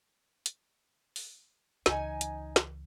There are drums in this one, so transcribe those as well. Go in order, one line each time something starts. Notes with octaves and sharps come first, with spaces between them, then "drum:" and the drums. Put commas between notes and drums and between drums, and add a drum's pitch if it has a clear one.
drum: hi-hat
drum: open hi-hat
C#2 E3 D#4 G#5, drum: snare
drum: hi-hat
drum: snare